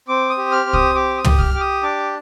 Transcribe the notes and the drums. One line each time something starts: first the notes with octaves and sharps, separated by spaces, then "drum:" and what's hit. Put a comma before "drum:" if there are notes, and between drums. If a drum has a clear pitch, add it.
C4 D6
D#6
G4
F6
C4
D#6, drum: kick C2
G4 D6
D#6
G4, drum: tom
F6, drum: kick C2
G4 D6
D#6
D4 D6